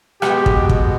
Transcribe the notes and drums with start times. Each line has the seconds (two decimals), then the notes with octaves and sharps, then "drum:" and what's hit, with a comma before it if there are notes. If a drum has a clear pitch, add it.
0.22 B2 G#3 B3 G4, drum: rim click
0.46 drum: kick
0.69 drum: kick